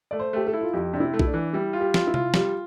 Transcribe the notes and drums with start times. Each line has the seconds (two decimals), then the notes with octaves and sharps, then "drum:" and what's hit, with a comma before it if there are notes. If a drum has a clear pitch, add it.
0.11 A3 D5
0.19 C5
0.33 A3 G4
0.47 A4
0.53 E4
0.61 F4
0.73 F2 G4
0.93 C3 D4
1.00 E4
1.14 A3
1.19 E4, drum: kick B1
1.27 D4
1.34 E3
1.53 G3 E4
1.73 F4
1.80 G4
1.94 F4, drum: snare
2.07 E4
2.14 F4, drum: tom C3
2.34 G3 G4, drum: snare